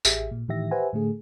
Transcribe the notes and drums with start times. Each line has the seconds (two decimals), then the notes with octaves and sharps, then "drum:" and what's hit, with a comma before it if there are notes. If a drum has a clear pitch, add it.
0.05 A1 G4 G#4 E5, drum: tambourine
0.31 A#2
0.48 A2 D#3 E3 G4 E5 A#6
0.71 G4 B4 C5 E5 F#5 G#5
0.93 A2 D3 A3 G#4